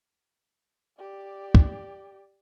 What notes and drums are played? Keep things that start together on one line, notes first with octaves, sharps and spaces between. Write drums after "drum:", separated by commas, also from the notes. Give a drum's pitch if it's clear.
G4 D5
drum: kick